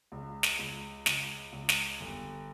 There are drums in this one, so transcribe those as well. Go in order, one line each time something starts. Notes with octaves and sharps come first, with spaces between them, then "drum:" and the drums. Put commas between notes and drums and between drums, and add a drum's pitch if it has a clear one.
C#2
drum: snare
C#2
C#2, drum: snare
C#2
drum: snare
G1